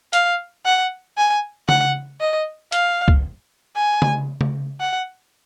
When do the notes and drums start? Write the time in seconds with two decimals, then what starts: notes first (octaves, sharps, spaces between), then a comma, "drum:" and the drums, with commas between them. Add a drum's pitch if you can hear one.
0.13 F5, drum: hi-hat
0.65 F#5
1.17 G#5
1.69 F#5, drum: tom C#3
2.21 D#5
2.72 F5, drum: hi-hat
3.08 drum: kick
3.76 G#5
4.02 drum: tom C#3
4.41 drum: tom C#3
4.80 F#5